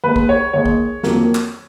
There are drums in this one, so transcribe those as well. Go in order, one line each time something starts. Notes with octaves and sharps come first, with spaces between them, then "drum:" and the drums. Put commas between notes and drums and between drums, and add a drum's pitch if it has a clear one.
D#2 D#3 G#3 B4
drum: kick
C#5
D#2 D#3 G#3 C#5
drum: kick
F2 D#3 F#3 A#3, drum: snare
drum: clap